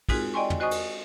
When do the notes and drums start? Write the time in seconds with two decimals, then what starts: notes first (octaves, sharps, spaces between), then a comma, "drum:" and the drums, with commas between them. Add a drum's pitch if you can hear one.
0.09 G#3 C4 D#4 F4 F#4 G#4, drum: kick, cymbal
0.34 D5 D#5 G5 G#5 C6 C#6
0.50 drum: tom
0.60 F#4 C5 D#5 G#5 C#6 D#6
0.71 drum: cymbal